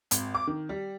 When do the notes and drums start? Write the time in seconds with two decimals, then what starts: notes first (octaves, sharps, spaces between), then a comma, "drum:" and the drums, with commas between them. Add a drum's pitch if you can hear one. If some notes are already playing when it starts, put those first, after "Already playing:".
0.11 G#1, drum: hi-hat
0.35 D6
0.47 D#3
0.69 G3